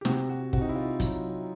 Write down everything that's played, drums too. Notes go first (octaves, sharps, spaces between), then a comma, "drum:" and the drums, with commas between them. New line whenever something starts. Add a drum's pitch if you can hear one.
G4
C3 F#4, drum: snare
F#4
C3 F#4, drum: kick
D#4
E4
F4
F#3, drum: kick, hi-hat